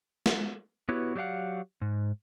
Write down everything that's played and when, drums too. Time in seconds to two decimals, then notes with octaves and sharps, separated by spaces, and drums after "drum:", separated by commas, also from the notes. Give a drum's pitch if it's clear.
0.26 drum: snare
0.89 B3 E4 F#4 G4 B4 C#5
1.16 F#3 G4 D5 F5 F#5
1.81 G#2